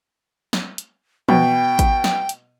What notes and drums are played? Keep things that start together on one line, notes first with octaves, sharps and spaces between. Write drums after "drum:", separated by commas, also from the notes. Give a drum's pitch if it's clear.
drum: snare
drum: hi-hat
B2 G5, drum: tom E3
drum: kick G#1, hi-hat
drum: snare
drum: hi-hat